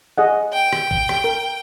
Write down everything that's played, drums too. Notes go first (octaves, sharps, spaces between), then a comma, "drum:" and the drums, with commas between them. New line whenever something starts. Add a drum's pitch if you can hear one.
G#4 D#5 F#5
G5
drum: rim click
drum: kick
drum: rim click
A#4